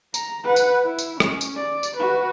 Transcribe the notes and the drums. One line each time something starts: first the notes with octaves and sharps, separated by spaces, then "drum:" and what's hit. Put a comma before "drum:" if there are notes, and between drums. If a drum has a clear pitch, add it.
A#5, drum: tambourine
B4 F#5
drum: tambourine
E4
drum: tambourine
C#4, drum: rim click
drum: tambourine
D5
drum: tambourine
F#4 B4